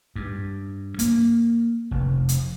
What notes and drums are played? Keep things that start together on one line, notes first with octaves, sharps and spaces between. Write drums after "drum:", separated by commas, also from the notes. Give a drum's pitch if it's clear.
G2
A#3, drum: hi-hat
F1
drum: hi-hat